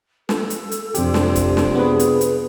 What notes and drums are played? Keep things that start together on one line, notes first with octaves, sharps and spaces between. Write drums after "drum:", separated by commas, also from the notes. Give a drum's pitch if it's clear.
A4, drum: snare
drum: hi-hat
drum: hi-hat
F2 C3 F3 D4 G4, drum: hi-hat
drum: snare
drum: kick, hi-hat
drum: snare
B3 G#4 B4
drum: hi-hat
drum: hi-hat